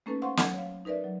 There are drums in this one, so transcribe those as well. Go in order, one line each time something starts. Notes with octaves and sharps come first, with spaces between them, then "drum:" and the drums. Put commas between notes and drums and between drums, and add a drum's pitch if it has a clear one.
A3 A#3 C#4 D#4 A4 B4
C5 F5 F#5 C6 C#6
F#3 F#5 G#6, drum: snare
C#5 F5
D#4 A#4 B4 D5 E5
F#3